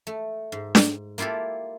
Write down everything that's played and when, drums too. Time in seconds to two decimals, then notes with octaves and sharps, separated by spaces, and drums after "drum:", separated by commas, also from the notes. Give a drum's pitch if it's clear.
0.07 A3
0.52 G#2
0.75 drum: snare D4
1.18 A#3 E4 F4 G4 A4